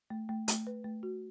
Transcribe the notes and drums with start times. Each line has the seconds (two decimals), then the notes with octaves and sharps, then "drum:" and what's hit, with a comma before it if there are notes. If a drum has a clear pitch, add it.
0.10 A3
0.29 A3
0.48 A3, drum: hi-hat
0.67 B4
0.84 A3
1.03 F#4